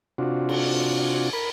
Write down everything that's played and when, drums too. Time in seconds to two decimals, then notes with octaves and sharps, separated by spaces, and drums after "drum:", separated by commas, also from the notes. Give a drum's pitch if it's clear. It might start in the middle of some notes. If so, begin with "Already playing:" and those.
0.18 C3 D4 F4 F#4
0.49 drum: cymbal
1.33 A#4 B5